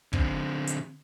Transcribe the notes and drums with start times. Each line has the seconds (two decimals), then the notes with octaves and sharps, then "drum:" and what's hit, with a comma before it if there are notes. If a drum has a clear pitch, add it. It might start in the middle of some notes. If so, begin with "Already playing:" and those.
0.13 D3 C4, drum: kick
0.67 drum: hi-hat